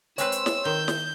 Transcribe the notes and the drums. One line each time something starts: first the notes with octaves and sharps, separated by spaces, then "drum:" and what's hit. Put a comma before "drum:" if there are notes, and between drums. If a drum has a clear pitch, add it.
G#3 C4 B4 C#5 C6 E6, drum: hi-hat
drum: hi-hat
drum: snare
D#3 G6
drum: snare